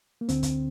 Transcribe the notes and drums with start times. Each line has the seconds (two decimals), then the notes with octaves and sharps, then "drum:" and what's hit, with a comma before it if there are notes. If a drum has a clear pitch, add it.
0.21 A#3
0.29 D2 D3 C4, drum: hi-hat
0.43 drum: kick, hi-hat